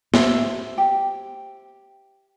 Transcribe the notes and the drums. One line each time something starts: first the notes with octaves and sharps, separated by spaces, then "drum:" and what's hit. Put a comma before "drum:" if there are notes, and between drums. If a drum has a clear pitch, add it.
C5 E5, drum: snare
G4